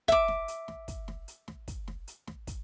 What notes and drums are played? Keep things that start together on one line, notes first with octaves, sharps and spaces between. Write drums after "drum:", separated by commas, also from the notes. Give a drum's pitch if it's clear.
E5 D6, drum: kick, hi-hat
drum: snare
drum: hi-hat
drum: snare
drum: kick, hi-hat
drum: snare
drum: hi-hat
drum: snare
drum: kick, hi-hat
drum: snare
drum: hi-hat
drum: snare
drum: kick, hi-hat